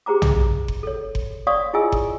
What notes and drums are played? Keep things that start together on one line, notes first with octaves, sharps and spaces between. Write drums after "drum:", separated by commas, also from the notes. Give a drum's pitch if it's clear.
G4 G#4 C5 A#5 D6
drum: tom B1
drum: kick F#1
A4 C#5
drum: kick F#1
C#5 D5 F5 C6 C#6 D#6
E4 F4 G#4 D#5 G#5 E6
drum: kick F#1